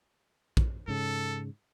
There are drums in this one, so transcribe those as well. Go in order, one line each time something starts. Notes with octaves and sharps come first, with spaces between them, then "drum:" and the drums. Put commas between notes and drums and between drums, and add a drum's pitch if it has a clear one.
drum: kick
G#2 C#3 A4